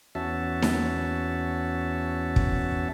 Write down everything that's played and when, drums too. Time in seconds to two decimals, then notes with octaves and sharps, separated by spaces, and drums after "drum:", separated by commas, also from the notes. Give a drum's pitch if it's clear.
0.15 E2 C#4 F#4 E5 A5
0.62 drum: snare D#4
2.36 drum: kick